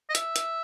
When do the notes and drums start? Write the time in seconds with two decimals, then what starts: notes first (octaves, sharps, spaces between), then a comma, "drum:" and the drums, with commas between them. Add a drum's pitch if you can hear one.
0.10 D#5
0.15 E5, drum: hi-hat
0.36 drum: hi-hat